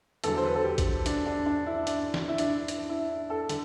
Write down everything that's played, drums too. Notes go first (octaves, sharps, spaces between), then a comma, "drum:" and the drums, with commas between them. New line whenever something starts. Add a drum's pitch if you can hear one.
E2 D3 F#3 A4, drum: hi-hat
C5
B4
A4
G4
drum: kick A1, hi-hat
D4, drum: hi-hat
D4
D4
E4
D4, drum: hi-hat
drum: snare
E4
D4, drum: hi-hat
E4
drum: hi-hat
E4
A4
D3, drum: hi-hat